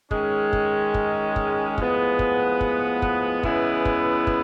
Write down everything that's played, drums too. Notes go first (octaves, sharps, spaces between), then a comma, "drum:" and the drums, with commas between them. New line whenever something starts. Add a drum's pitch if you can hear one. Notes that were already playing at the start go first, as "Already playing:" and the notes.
D#3 G#3 C#4, drum: kick
drum: kick
drum: kick
drum: kick
A2 F3 G#3 B3, drum: kick
drum: kick
drum: kick
drum: kick
C#3 E3 G#3 B3 E4, drum: kick
drum: kick
drum: kick